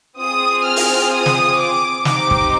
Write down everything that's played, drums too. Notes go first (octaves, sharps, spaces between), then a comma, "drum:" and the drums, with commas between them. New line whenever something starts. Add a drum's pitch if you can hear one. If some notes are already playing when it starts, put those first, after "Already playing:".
C4 F4 G#4 D#6
F6
drum: open hi-hat
D#6
drum: snare
D6
C4 D#4 G4 D6, drum: snare
drum: kick